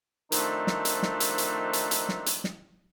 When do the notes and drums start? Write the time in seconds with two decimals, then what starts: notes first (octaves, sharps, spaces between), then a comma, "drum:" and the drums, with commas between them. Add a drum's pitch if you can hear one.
0.32 D#3 F3 A3 C4 D4 D#4, drum: hi-hat
0.67 drum: snare
0.85 drum: hi-hat
1.03 drum: snare
1.20 drum: hi-hat
1.38 drum: hi-hat
1.73 drum: hi-hat
1.91 drum: hi-hat
2.09 drum: snare
2.26 drum: hi-hat
2.44 drum: snare